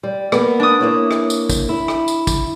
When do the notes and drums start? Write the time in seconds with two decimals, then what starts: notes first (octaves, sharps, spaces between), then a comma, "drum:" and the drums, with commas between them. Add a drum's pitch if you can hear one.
0.03 G3
0.32 A#3 B3, drum: rim click
0.60 D4 D#6
0.80 A#3 E4 C#5
1.11 drum: rim click
1.30 drum: tambourine
1.49 drum: kick, tambourine
1.69 E4
1.88 drum: rim click
2.08 drum: tambourine
2.27 drum: kick, tambourine